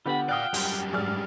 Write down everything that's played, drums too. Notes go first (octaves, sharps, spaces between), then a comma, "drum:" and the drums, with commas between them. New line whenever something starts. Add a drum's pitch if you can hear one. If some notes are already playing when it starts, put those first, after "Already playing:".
D3 B3 F4 G4 F#5 B5
D5 F5 G5 D#6 F6 F#6
F#2 G3, drum: open hi-hat
G#2 F#3 G#4 D5 F6